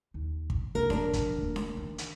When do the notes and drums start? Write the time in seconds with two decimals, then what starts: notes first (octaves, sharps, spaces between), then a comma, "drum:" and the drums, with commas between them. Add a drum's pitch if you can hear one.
0.14 D#2
0.50 drum: kick
0.75 C2 D3 A#4
0.90 E1 F3 D4 A#4, drum: snare D4
1.13 drum: kick, hi-hat
1.38 D3 A#3
1.56 drum: snare D4
1.77 D#3
1.98 drum: hi-hat